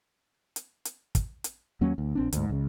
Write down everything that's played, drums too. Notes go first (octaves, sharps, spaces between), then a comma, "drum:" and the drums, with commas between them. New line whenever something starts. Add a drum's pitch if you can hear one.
drum: hi-hat
drum: hi-hat
drum: kick, hi-hat
drum: hi-hat
D#2 F#3 A#3 C#4
D2
A#1 C4 D4
D2 G#2, drum: hi-hat
C#2 C#3